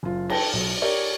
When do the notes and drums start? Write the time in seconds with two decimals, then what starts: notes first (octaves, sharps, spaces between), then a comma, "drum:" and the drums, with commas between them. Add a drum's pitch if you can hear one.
0.03 F#1 F4
0.30 B4 G5 A5 A#6, drum: cymbal
0.53 B1
0.82 G4 A#4 C#5 D5